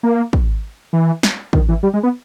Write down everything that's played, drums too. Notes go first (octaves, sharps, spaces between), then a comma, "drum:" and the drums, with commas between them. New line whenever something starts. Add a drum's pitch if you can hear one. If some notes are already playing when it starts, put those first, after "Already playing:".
A#3
drum: kick
E3
drum: snare
D#3, drum: kick
E3
G3
G#3
B3